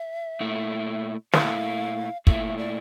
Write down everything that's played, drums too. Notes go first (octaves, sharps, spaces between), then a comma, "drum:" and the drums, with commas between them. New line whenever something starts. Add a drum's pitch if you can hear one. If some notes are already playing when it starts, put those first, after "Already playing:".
Already playing: E5
A#2 A3 E4
A#2 A3 E4 F5, drum: snare
A#2 A3 E4 E5, drum: kick
D5